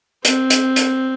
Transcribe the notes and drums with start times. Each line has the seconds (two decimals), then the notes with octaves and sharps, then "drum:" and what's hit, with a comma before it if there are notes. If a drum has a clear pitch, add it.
0.25 C4, drum: hi-hat
0.50 drum: hi-hat
0.76 drum: hi-hat